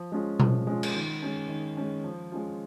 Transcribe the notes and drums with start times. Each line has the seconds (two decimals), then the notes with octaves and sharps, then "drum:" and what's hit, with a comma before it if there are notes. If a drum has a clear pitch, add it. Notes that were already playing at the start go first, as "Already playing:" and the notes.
Already playing: F3
0.12 G#3 C#4 F4
0.40 F3, drum: tom B2
0.67 G#3 C#4 F4
0.83 drum: cymbal
0.95 D#3
1.22 G#3 C#4
1.49 D#3
1.77 G#3 C#4
2.04 F3
2.32 G#3 C#4 F4